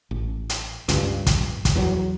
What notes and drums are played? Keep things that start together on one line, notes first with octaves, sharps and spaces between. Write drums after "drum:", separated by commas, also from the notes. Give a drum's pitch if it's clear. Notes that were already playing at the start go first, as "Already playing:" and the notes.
A1
drum: hi-hat
C#2 G2, drum: hi-hat
drum: kick, hi-hat
drum: kick, hi-hat
E2 F#3